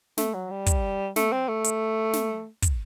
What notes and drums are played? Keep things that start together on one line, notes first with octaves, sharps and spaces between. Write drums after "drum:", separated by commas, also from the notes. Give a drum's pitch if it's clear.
A3, drum: snare
F#3
G3
drum: kick, hi-hat
A3, drum: snare
C4
A3
drum: hi-hat
drum: snare
drum: kick, hi-hat